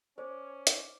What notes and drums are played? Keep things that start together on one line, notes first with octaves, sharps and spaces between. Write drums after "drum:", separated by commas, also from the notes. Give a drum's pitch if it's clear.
C#4 C5 D5
drum: hi-hat